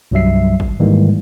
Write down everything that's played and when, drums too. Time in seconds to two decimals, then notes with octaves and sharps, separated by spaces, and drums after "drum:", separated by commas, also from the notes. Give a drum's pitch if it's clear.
0.11 C2 G2 F#3 G3 E5 C7
0.60 drum: kick
0.80 G#2 D#3 E3 G3 G#3 A#3